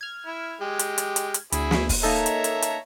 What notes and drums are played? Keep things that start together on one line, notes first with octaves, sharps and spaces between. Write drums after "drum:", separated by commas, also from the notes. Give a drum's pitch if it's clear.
F6 G#6
E4
G#3 G4
drum: hi-hat
drum: hi-hat
drum: hi-hat
drum: hi-hat
D2 E4 G#4 B5, drum: hi-hat
drum: snare
drum: kick, open hi-hat
A#3 D#4 A4 C#5 E5 A#5
drum: hi-hat
drum: hi-hat
drum: hi-hat